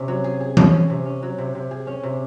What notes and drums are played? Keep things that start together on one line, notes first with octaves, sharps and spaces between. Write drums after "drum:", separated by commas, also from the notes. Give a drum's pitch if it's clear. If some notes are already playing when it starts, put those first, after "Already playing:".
Already playing: C3 C#4
F#3
G#4
G#4
C#4, drum: tom E3
G#4
C3
C#4
F#3
C3
C3
G#4
C#4
C3